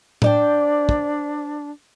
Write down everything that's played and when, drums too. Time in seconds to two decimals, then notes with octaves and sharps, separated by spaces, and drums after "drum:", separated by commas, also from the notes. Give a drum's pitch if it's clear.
0.22 D4 C5 D5 G5, drum: tom A2
0.89 drum: kick